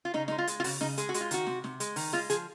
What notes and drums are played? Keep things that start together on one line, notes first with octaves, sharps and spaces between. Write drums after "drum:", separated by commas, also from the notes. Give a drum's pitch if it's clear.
F4
C#3 D#4, drum: snare
G#3 D#4, drum: snare
F4
G#3, drum: hi-hat
F4
C#3 F#4, drum: open hi-hat
C#3 D#4, drum: snare
G#3 G#4, drum: hi-hat
F#4
G#3, drum: hi-hat
F4
D#3 F#4, drum: hi-hat
C3, drum: snare
C3, drum: snare
G#3, drum: hi-hat
D#3, drum: open hi-hat
G#3 F4, drum: snare
F3 G#4, drum: hi-hat